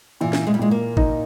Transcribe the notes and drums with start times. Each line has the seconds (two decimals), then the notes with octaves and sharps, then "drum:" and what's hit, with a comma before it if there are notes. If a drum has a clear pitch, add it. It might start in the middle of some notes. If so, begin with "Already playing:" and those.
0.21 A#2 E3
0.33 drum: snare
0.47 G#3
0.54 G3
0.59 A#2 G#3
0.71 A#3
0.97 D#4, drum: kick